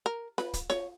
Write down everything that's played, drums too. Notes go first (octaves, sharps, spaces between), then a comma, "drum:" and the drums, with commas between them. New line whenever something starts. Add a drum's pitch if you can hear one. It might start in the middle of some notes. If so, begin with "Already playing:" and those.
A#4
B4, drum: snare F4
drum: kick, hi-hat
C#5, drum: snare F4